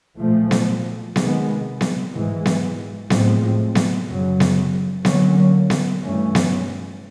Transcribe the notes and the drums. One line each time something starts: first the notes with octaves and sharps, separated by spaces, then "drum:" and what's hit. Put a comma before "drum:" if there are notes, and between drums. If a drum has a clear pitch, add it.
A#2 F3 A3
drum: snare B3
C3 D#3 G#3 B3, drum: snare B3
drum: snare B3
G#2 E3 G#3
drum: snare B3
A2 F3 G#3 C4, drum: snare B3
drum: snare B3
F#2 C#3 F#3
drum: snare B3
D3 F#3 A#3 C#4, drum: snare B3
drum: snare B3
G2 E3 A3 C#4
drum: snare B3